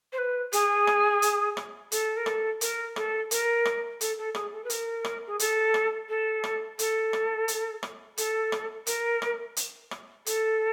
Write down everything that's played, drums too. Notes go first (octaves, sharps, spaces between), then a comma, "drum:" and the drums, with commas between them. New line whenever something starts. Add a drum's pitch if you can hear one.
C5
B4
G#4, drum: hi-hat
drum: rim click
drum: hi-hat
drum: rim click
A4, drum: hi-hat
A#4
A4, drum: rim click
A#4, drum: hi-hat
A4, drum: rim click
A#4, drum: hi-hat
drum: rim click
A4, drum: hi-hat
A4
G#4, drum: rim click
A4
B4
A#4, drum: hi-hat
drum: rim click
G#4
A4, drum: hi-hat
drum: rim click
A4
drum: rim click
A4, drum: hi-hat
drum: rim click
drum: hi-hat
drum: rim click
A4, drum: hi-hat
drum: rim click
A#4, drum: hi-hat
drum: rim click
drum: hi-hat
drum: rim click
A4, drum: hi-hat